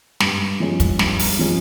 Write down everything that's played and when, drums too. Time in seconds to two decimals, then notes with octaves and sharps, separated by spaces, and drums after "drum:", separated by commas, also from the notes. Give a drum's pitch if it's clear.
0.20 G2, drum: snare
0.60 F3 G#3 C#4
0.80 drum: kick, hi-hat
0.99 G2, drum: snare
1.19 drum: open hi-hat
1.39 F3 G#3 C#4